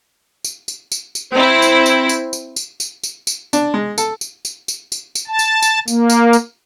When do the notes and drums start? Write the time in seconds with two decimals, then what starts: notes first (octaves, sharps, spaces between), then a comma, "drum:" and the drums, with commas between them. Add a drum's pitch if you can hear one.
0.44 drum: tambourine
0.68 drum: tambourine
0.92 drum: tambourine
1.15 drum: tambourine
1.33 C4 E4
1.62 drum: tambourine
1.86 drum: tambourine
2.09 drum: tambourine
2.33 drum: tambourine
2.56 drum: tambourine
2.80 drum: tambourine
3.03 drum: tambourine
3.27 drum: tambourine
3.53 D4, drum: tambourine
3.74 G#3
3.98 A4, drum: tambourine
4.21 drum: tambourine
4.45 drum: tambourine
4.68 drum: tambourine
4.92 drum: tambourine
5.15 drum: tambourine
5.28 A5
5.39 drum: tambourine
5.62 drum: tambourine
5.88 A#3, drum: tambourine
6.10 drum: tambourine
6.33 drum: tambourine